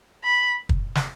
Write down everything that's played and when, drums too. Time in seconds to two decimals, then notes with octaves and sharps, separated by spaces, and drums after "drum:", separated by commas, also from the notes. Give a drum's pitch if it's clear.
0.24 B5
0.69 drum: kick
0.95 drum: snare